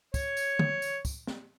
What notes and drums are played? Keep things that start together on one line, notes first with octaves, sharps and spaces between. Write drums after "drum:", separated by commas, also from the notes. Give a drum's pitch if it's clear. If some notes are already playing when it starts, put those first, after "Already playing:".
C#5, drum: kick, tambourine
drum: tambourine
drum: tom
drum: tambourine
drum: kick, tambourine
drum: snare